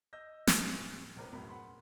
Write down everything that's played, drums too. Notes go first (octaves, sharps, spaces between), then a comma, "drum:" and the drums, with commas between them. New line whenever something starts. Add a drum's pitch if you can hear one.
D#5 E6 G6 A#6
drum: snare
A2 G#4
A#1 D4 A#4 B4
E1 F#2 A2 A#4 B5
F#5 B5 C6